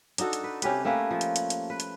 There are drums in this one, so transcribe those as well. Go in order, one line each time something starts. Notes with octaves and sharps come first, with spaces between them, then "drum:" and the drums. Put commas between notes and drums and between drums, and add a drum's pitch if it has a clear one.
D4 D#4 F#4 A4, drum: hi-hat
drum: hi-hat
B4
C3 C#4 G4 B4, drum: hi-hat
A3 A#3 C#4 B4
F3
drum: hi-hat
drum: hi-hat
drum: hi-hat
B4
drum: hi-hat